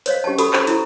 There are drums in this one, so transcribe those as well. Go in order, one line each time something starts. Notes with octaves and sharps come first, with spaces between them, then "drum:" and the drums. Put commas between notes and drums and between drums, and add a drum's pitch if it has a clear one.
C5 C#5 D#5 F5, drum: hi-hat
C#4 G4 D#5 G5 A5
F#4 G4 A4 A5 B5 D#6, drum: hi-hat
C5 B5, drum: clap
E4 A#5 C#6, drum: hi-hat